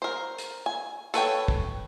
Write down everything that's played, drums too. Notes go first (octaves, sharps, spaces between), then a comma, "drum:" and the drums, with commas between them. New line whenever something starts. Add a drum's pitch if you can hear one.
A#4 C5
drum: hi-hat
G#5
A4 B4 C#5 G5, drum: hi-hat
drum: kick